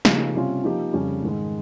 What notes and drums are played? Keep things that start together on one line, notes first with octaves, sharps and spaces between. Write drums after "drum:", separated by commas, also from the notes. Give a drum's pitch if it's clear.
C#3 F3 A#3 D#4 G4, drum: snare
C3 G3 C#4 F4
F3 A#3 D#4 G4
F2 C#3 G3 C#4
G#2 D#3 G#3